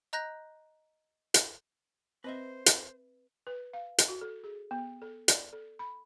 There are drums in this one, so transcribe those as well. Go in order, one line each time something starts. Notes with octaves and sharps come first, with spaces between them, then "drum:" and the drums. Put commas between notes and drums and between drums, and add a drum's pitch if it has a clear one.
D#5 A#5 F#6 G6 A#6
drum: hi-hat
C4 B4 C5 D#5 E5
drum: hi-hat
B4
F5
drum: hi-hat
F#4
A4
G#4
B3
A4
D5, drum: hi-hat
A4
B5